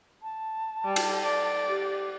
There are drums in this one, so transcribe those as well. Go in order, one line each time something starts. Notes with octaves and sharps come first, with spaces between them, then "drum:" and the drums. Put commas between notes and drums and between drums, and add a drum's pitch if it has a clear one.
A5
G3
drum: cymbal
D5
G4